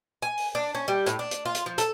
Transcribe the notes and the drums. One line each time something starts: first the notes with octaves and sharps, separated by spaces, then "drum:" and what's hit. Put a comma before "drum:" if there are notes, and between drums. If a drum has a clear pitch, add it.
G#5
drum: open hi-hat
D4
C#4
G3
A2, drum: hi-hat
D4
drum: hi-hat
F4
drum: hi-hat
F3
A4, drum: hi-hat